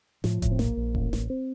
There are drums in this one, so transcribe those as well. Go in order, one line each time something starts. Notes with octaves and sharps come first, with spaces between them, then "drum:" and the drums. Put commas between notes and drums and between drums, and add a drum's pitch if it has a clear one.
A2 F3, drum: snare
A2, drum: kick E1, hi-hat
C4
A#1 A#3, drum: snare
A#1
A1, drum: kick E1
A1, drum: snare
C4